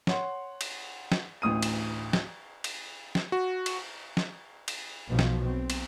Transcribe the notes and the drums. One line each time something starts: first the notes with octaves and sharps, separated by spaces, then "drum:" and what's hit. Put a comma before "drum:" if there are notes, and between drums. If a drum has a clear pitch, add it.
C#5 F#5 C6, drum: snare
drum: cymbal
drum: snare
A1 D2 D#6 D#7
drum: cymbal
drum: snare
drum: cymbal
drum: snare
F#4
drum: cymbal
drum: snare
drum: cymbal
B1 B2 F3
drum: snare
C4
drum: cymbal